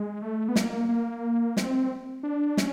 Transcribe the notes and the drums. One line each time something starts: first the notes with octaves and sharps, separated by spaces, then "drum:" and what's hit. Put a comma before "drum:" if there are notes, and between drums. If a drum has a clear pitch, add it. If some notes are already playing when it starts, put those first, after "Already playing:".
Already playing: G#3
A3
B3
A#3, drum: snare
A#3
C4, drum: snare
D4
C#4, drum: snare